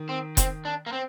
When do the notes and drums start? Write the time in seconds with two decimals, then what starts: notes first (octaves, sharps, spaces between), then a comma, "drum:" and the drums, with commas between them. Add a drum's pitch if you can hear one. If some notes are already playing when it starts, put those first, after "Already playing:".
Already playing: D#3
0.09 C4
0.37 C4, drum: kick F1, hi-hat
0.65 D4
0.86 A#3
0.93 C4